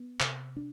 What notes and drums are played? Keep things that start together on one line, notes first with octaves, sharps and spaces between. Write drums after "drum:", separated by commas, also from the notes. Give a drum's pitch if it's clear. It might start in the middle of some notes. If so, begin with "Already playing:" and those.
Already playing: B3
C3, drum: clap
D4